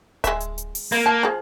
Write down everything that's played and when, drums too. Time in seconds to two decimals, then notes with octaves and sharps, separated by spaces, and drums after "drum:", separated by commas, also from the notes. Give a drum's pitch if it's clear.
0.24 G#3 E5, drum: kick D1, hi-hat
0.40 drum: hi-hat
0.58 drum: hi-hat
0.75 drum: open hi-hat
0.92 A#3, drum: hi-hat
1.06 A5
1.23 F3 G#4